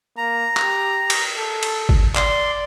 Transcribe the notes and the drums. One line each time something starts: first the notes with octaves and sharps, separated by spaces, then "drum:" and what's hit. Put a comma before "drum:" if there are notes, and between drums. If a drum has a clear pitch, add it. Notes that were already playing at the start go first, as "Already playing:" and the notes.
A#3 A#5
G4, drum: clap
drum: cymbal
A4
drum: cymbal
drum: kick G#1
D5 C6, drum: clap